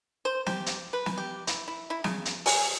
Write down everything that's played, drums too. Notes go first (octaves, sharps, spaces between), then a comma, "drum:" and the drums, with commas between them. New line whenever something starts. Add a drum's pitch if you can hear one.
C5
G4, drum: snare
drum: hi-hat
B4
drum: snare
G4
E4, drum: hi-hat
E4
E4
C#3, drum: snare
drum: hi-hat
G#5, drum: open hi-hat